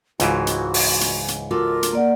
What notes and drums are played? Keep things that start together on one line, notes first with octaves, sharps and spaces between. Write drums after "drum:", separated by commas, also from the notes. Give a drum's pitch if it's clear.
C#2 G#2 E3 F4 F#4, drum: hi-hat
drum: hi-hat
drum: open hi-hat
drum: hi-hat
drum: hi-hat
F4 F#4 A4 A#4 D6
drum: hi-hat
A#3 D5 F#5